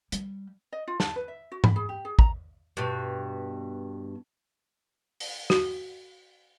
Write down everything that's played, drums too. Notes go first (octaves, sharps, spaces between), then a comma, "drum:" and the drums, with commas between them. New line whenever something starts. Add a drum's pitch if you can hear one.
G3, drum: hi-hat
D#5
F4
A5, drum: snare
B4
E5
F#4
B5, drum: tom G#2
G#4
G4
G#4
A#5, drum: kick
G2 B2
drum: open hi-hat
F#4, drum: snare